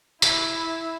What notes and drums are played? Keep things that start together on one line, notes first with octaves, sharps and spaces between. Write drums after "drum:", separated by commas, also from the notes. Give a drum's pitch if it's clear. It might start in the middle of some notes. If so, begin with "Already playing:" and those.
E4, drum: tambourine